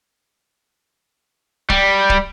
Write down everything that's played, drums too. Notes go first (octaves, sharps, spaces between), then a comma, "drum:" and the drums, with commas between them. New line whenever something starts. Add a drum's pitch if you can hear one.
G3, drum: kick
drum: kick